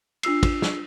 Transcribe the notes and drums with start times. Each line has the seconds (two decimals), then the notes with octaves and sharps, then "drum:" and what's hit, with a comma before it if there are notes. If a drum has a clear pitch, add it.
0.23 D4 F4 E6 C7, drum: cymbal
0.43 drum: kick, cymbal
0.62 drum: snare